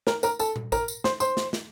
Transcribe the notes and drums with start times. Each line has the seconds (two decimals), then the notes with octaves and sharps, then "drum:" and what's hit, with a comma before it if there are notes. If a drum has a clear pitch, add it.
0.07 A#4 A#5, drum: snare
0.23 A#4 A#5, drum: tambourine
0.39 A4 A5, drum: tambourine
0.56 drum: tom A#2
0.72 A#4 A#5, drum: kick, tambourine
0.88 drum: tambourine
1.04 C5 C6, drum: snare
1.20 C5 C6, drum: tambourine
1.37 drum: snare
1.53 drum: snare